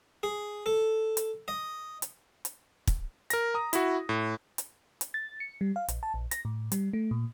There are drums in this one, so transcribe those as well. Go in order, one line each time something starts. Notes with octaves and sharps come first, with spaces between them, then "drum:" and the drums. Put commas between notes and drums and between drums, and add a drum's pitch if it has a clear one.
G#4
A4
drum: hi-hat
D#5
drum: hi-hat
drum: hi-hat
drum: kick, hi-hat
A#4 A#6, drum: hi-hat
A#5 D#6
E4 F#4, drum: hi-hat
A2
drum: hi-hat
drum: hi-hat
A6
C#7
G3
F5
A#1, drum: hi-hat
A5
A#1
A#6, drum: hi-hat
A2
G3, drum: hi-hat
A3
A#2